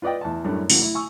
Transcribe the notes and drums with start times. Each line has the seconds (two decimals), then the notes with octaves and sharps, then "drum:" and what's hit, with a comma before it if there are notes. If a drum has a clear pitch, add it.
0.02 F4 B4 D5 D#5 G5
0.21 E2 A5
0.44 F#2 A2 G3 A3 C#4 D4
0.70 C#3 E3 F#3 A3, drum: open hi-hat
0.82 E4
0.95 G#5 C#6 E6